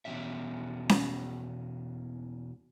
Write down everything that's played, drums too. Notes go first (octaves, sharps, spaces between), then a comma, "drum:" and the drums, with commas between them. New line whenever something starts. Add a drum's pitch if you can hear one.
E2 B2 E3 C4 C#4 E5
drum: snare C#4